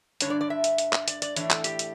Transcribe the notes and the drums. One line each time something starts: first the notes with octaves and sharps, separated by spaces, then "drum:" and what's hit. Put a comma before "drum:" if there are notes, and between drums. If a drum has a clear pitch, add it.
G2 D3 G3 D4 C#5, drum: hi-hat
D5
D5
E5
drum: hi-hat
drum: hi-hat
drum: clap
D5, drum: hi-hat
D5, drum: hi-hat
A2 E3 A3 D4 C#5, drum: hi-hat
A4, drum: clap
G4, drum: hi-hat
drum: hi-hat